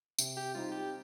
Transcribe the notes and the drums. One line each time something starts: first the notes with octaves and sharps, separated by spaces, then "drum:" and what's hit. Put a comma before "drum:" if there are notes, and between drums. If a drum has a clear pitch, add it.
C3, drum: tambourine
G4
G3 C4 D#4 F4
G4